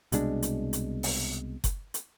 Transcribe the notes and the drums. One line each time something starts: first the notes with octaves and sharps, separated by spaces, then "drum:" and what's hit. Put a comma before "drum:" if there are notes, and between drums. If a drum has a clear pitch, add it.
C2 B2 G#3 D4, drum: hi-hat
drum: hi-hat
drum: hi-hat
drum: open hi-hat
drum: kick F#1, hi-hat
drum: hi-hat